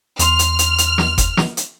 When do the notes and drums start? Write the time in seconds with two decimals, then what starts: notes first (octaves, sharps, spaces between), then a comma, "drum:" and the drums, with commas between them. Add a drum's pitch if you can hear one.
0.19 E2 C6 F6, drum: hi-hat
0.39 drum: hi-hat
0.59 drum: hi-hat
0.78 drum: hi-hat
0.98 drum: snare
1.18 drum: kick F#1, hi-hat
1.37 drum: snare
1.57 drum: hi-hat